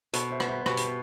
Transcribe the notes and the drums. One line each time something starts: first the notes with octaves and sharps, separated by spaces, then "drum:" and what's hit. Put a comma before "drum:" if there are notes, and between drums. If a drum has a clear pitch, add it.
B2 A4 C5, drum: hi-hat
C5 E5
B3, drum: rim click
C5 E5
C5
B2 G4 B4, drum: rim click
C5, drum: hi-hat
B4